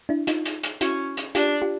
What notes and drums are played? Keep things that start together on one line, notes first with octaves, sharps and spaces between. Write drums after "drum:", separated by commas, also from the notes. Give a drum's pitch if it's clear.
D4 E4
D#4 F4, drum: hi-hat
drum: hi-hat
drum: hi-hat
C#4 E4 F#4, drum: hi-hat
drum: hi-hat
D4 F4 G4, drum: hi-hat
F4 G4